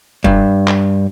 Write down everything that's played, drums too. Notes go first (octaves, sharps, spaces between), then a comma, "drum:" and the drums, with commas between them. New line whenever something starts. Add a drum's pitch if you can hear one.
G2, drum: kick F1
drum: clap